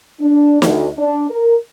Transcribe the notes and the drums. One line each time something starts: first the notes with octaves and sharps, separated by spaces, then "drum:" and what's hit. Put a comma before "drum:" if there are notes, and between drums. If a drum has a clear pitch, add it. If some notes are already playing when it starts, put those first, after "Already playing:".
D4
D2, drum: snare
D4
A#4